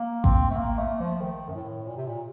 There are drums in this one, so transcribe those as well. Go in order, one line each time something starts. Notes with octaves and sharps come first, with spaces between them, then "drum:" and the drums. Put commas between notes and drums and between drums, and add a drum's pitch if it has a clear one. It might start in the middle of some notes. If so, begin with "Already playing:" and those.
Already playing: A#3
C4, drum: kick A1
A3
A#3
A3
F3
D#3
F#2
A2
A#2
C3
A#2